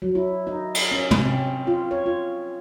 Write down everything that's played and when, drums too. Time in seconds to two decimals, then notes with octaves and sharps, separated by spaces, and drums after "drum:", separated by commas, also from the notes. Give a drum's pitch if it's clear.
0.02 F#3
0.15 E4
0.47 D#4
0.75 drum: cymbal
0.91 C#4
1.11 drum: tom
1.23 C4
1.67 F4
1.91 C#5
2.06 F4